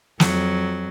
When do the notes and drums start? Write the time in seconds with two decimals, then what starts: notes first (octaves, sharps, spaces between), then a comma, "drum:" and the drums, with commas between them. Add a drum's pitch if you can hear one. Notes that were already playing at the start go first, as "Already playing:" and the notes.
0.20 F2 F#3, drum: snare